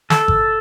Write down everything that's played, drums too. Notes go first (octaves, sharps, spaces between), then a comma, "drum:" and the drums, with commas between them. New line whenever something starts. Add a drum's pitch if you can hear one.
A4, drum: snare
drum: kick G#1